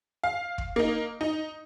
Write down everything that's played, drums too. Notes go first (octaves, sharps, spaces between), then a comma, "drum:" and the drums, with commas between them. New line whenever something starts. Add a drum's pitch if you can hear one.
F5
drum: kick
A#3 D#4
D#4